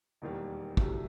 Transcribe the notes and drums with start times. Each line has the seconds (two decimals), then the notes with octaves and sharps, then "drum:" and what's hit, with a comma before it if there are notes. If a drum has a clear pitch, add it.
0.22 E1 D#2 D#3 G3
0.77 C2 C3 F#3 A3, drum: kick